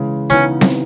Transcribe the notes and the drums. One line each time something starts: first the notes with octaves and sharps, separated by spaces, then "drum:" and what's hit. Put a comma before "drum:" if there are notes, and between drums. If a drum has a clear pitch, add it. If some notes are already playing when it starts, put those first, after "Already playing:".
Already playing: C#3 E3 G#3
C#3 E3 B3 C#4 D#4
drum: snare C4